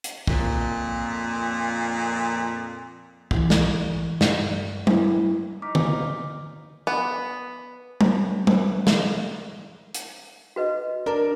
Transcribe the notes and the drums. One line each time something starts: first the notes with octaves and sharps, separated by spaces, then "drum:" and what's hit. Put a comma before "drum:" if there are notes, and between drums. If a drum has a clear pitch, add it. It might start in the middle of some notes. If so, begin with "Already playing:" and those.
drum: hi-hat
F2 A#2, drum: kick
E3, drum: kick
drum: snare
G2, drum: snare
E4, drum: tom
D#4 D6 F6 B6
drum: tom D3
B3
drum: tom
drum: tom
drum: snare
drum: hi-hat
F#4 B4 D#5
D4 A#4